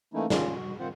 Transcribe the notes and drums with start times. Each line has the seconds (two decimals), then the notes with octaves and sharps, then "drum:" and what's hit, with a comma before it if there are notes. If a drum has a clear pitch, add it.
0.14 E3 A3 A#3 C#4 D#4 E4
0.30 D#2 A#2 D#3 C#4 F4, drum: snare
0.54 F#4
0.79 D#3 C4 F4 C5 F#5